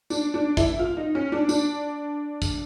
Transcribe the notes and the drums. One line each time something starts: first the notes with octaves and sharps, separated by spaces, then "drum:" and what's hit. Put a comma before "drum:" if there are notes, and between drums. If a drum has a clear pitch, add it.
D4, drum: tambourine
D4
E4, drum: kick, tambourine
F4
D#4
C#4
D4
D4, drum: tambourine
drum: kick, tambourine